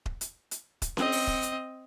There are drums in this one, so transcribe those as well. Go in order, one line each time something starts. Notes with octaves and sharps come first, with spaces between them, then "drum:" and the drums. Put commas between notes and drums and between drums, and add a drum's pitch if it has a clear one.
drum: kick D#1
drum: hi-hat
drum: hi-hat
drum: kick D#1, hi-hat
C4 D#5, drum: snare C#4
drum: open hi-hat
drum: kick D#1
drum: hi-hat